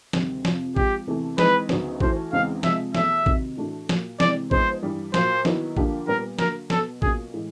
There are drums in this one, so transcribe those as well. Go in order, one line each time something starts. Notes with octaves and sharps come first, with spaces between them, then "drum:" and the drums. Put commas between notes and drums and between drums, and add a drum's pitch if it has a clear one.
D2 C3 D#3 G3 C4, drum: snare
F2 C3 F3, drum: snare
F3 G#3 C4 G4, drum: kick
E2 C3 E3 A3
E3 G#3 C4 D#4 B4, drum: snare
D2 C#3 F#3 B3 D#4, drum: snare
E3 A3 C#4 F#4 C5, drum: kick
E2 C#3 E3 G#3 C4 F5
C3 F3 G#3 E5, drum: snare
E2 B2 F#3 A3 E5, drum: snare
C3 D#3 F#3, drum: kick
A2 E3 A3 D4 F#4
A#2 F#3 A#3, drum: snare
C3 E3 G#3 C4 D5, drum: snare
F3 G#3 B3 D#4 C5, drum: kick
G2 E3 G3
A#2 F#3 A#3 C5, drum: snare
D#3 F#3 B3 E4, drum: snare
D3 F3 A#3 D4 G4, drum: kick
A#2 G3 B3 A#4
D3 F#3 A#3 A#4, drum: snare
B2 F#3 B3 A4, drum: snare
B2 F#3 A#3 C#4 F4 G#4, drum: kick
A2 E3 G#3